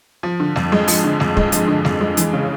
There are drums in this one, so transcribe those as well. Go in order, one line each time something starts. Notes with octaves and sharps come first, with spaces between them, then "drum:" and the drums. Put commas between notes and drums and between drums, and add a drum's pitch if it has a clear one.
F3
D3
F2, drum: snare G3
G#3
F3, drum: open hi-hat
D3
F2, drum: snare G3
G#3, drum: kick
F3, drum: hi-hat
D3
F2, drum: snare G3
G#3
E3, drum: hi-hat
C#3